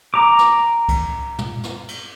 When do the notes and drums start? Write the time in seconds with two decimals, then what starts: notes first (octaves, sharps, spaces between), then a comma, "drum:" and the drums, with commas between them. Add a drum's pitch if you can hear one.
0.14 A#5 D6
0.39 drum: snare
0.89 drum: kick C2, cymbal
1.38 drum: tom
1.63 drum: snare
1.88 drum: cymbal